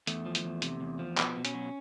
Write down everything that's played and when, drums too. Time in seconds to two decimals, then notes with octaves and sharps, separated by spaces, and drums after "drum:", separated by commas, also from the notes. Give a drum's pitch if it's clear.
0.07 E2 A3, drum: hi-hat
0.26 F3
0.35 drum: hi-hat
0.44 E2
0.62 C3, drum: hi-hat
0.81 E2
0.99 F3
1.18 B2 B3, drum: clap
1.37 B2
1.45 C#4, drum: hi-hat
1.54 F#3